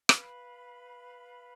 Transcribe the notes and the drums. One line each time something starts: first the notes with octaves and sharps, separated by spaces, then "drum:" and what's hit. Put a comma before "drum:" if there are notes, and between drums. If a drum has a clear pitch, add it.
B4 F5 B5, drum: rim click